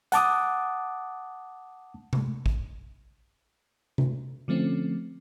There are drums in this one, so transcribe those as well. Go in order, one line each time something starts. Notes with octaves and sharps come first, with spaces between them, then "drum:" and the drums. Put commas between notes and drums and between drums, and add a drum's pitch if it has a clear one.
F#5 A5 D6 D#6, drum: hi-hat
drum: tom C3
drum: kick
drum: tom C3
D3 F3 A3 C4 C#4